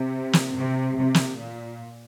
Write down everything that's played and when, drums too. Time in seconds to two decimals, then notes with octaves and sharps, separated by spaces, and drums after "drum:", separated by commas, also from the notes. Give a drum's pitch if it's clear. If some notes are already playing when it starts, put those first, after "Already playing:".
Already playing: C3
0.33 drum: snare
0.56 C3
0.97 C3
1.14 drum: snare
1.38 A#2